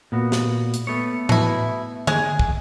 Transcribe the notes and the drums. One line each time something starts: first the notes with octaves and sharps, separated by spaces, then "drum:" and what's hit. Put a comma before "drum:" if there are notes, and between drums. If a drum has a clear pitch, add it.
A#2 B3 F#4
drum: snare
drum: hi-hat
A3 B3 C#5
B2 E4, drum: tom A2
G#3 G#4, drum: tom D3
drum: kick